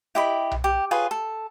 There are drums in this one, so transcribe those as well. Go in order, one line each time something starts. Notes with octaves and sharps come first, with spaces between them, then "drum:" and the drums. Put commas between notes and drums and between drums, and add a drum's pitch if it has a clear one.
E4 G4 D#5 B5
drum: tom B1
G4
F4 G#4 B4 C#5
A4